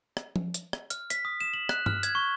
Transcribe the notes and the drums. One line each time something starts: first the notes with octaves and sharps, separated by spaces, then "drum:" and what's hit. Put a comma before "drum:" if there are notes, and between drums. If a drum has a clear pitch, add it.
drum: rim click
drum: tom F3
drum: hi-hat
drum: rim click
F6, drum: hi-hat
B6, drum: hi-hat
D#6
E7
F#7
F#6, drum: rim click
F6, drum: tom G2
G#6, drum: hi-hat
C#6